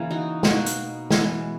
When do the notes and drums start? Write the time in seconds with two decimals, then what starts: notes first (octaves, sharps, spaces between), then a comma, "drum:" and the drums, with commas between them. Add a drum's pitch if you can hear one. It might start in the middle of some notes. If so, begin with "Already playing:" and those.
Already playing: C#3 E3 A#3
0.11 D#4 F#4
0.43 B2 A#3 D#4 F#4, drum: snare
0.66 drum: hi-hat
1.10 E3 G#3 B3, drum: snare